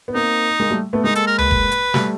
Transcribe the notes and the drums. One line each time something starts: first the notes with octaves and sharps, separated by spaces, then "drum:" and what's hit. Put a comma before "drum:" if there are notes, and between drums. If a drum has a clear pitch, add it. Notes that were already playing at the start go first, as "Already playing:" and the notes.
B3
A#3 C4 D#4
G#3 A#3
G3 A3
A3 B3
G#3 A#3 D#4
A4, drum: hi-hat
A#4
B4, drum: tom C#2
drum: kick
drum: hi-hat
G3 A3, drum: snare